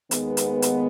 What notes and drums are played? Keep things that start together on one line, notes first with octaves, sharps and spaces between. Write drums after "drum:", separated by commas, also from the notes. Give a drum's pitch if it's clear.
D#2 D#3 G#3 B3, drum: hi-hat
drum: hi-hat
drum: hi-hat